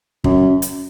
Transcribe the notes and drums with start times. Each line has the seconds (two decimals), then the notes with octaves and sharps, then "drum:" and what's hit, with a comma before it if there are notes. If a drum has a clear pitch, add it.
0.24 F#2, drum: kick
0.62 drum: hi-hat